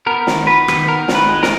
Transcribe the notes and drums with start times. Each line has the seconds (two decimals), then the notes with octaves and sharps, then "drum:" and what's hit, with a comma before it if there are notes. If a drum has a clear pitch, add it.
0.06 B3 A#4
0.27 D#3, drum: snare
0.47 B3 B4
0.68 D#3, drum: rim click
0.88 B3 A#4
1.08 D#3, drum: snare
1.15 B4
1.29 G#3
1.43 A#4, drum: snare